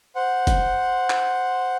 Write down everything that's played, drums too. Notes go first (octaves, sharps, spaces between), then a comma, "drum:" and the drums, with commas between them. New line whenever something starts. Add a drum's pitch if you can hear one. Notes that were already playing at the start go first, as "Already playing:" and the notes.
C5 F#5
drum: kick, hi-hat
drum: clap